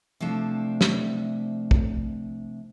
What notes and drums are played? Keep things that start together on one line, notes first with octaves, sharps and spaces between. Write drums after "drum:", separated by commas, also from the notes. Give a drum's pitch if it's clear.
C3 F3 A3 D4
drum: snare
drum: kick